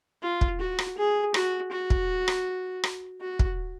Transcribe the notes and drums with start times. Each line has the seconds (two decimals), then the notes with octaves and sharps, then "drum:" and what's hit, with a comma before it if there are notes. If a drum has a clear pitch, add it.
0.22 F4
0.41 drum: kick
0.60 F#4
0.79 drum: rim click
0.97 G#4
1.34 F#4, drum: rim click
1.72 F#4
1.90 drum: kick
2.28 drum: rim click
2.84 drum: rim click
3.21 F#4
3.39 drum: kick